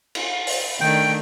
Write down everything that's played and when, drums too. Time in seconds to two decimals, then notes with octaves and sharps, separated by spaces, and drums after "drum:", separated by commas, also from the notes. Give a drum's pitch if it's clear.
0.15 drum: cymbal
0.47 drum: open hi-hat
0.81 D#3 A3 D4 G5